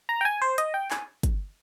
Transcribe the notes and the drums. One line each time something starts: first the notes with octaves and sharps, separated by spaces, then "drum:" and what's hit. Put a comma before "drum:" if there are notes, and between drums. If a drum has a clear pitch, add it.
A#5
G5
G#5
C5
D#5, drum: hi-hat
G5
G#5, drum: clap
drum: kick, hi-hat